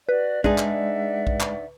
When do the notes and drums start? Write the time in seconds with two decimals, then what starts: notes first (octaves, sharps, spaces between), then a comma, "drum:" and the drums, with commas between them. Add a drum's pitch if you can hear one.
0.09 F#4 B4 D5
0.44 G#3 D4 D#4 G#4 D5 E5 F#5, drum: kick A#1
0.58 drum: clap
1.27 drum: kick A#1
1.40 drum: clap